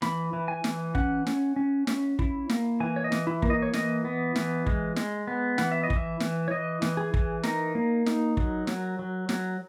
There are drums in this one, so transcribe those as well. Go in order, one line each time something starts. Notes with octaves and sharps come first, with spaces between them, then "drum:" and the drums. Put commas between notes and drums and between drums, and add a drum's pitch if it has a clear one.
E3 B5, drum: snare
E3
G#5
E3, drum: snare
C#4 F#5, drum: kick
C#4, drum: snare
C#4
C#4, drum: snare
E4, drum: kick
A#3, drum: snare
E3 G#5
C#5
D#5
E3, drum: snare
E4
A#3, drum: kick
D#5
C#5
E3 D#5, drum: snare
B3
E3, drum: snare
G#3, drum: kick
G#3, drum: snare
B3
E3 F#5, drum: snare
E5
D#5
E3, drum: kick
E5
E3, drum: snare
C#5
E3 D#5
E3, drum: snare
G#4
E3, drum: kick
D#4 A#4, drum: snare
A#3
D#4, drum: snare
F#3, drum: kick
F#3, drum: snare
F#3
F#3, drum: snare